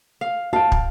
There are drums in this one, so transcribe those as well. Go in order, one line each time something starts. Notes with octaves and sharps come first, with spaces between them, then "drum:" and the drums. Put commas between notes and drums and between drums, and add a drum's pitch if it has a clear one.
F5
F5 G5 A5
drum: kick